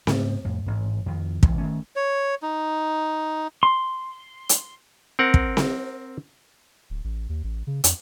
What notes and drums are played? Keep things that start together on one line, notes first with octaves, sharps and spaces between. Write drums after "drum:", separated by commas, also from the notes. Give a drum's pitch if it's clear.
G#2 C#3 A3 B3, drum: snare C4
F2 A2
A1 G#2
F2 D#3
E1 C#2 E3, drum: kick
D#3 A3 C#4
C#5
D#4
C6
drum: hi-hat
C4 A#4 F#5
drum: kick
drum: snare C4
D1
A1
D#2
A1
C#3
F2, drum: hi-hat